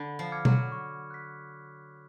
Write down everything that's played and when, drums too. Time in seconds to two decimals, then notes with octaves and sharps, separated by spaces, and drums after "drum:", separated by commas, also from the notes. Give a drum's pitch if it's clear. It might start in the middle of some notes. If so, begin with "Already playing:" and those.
Already playing: D3 B5
0.19 F3
0.32 D6 F6 G#6 C#7
0.45 F#3, drum: tom B2
0.72 C#6
1.11 F#6 B6